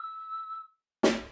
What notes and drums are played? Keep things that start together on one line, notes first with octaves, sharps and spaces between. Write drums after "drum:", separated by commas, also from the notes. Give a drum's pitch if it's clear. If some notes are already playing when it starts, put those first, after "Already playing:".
Already playing: E6
drum: snare